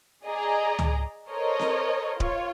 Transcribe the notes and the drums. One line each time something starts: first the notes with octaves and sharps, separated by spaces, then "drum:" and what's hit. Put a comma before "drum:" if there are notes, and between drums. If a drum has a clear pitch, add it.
G#4 D5 D#5 A#5
drum: tom C#2
A4 A#4 C5 C#5 D#5
drum: snare C4
F4 C#5, drum: kick D1